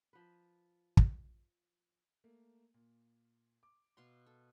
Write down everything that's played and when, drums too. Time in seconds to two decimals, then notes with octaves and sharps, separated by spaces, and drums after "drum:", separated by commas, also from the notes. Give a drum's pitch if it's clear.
0.13 F3 B4
0.97 drum: kick
2.24 A3 A#3
2.74 A#2
3.63 D6
3.97 B2 F5 C6
4.26 A4